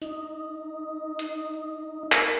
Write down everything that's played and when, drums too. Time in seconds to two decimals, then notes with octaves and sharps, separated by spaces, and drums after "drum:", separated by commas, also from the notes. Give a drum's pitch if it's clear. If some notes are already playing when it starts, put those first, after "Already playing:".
0.02 D#4, drum: tambourine
1.19 drum: hi-hat
2.12 A#4, drum: clap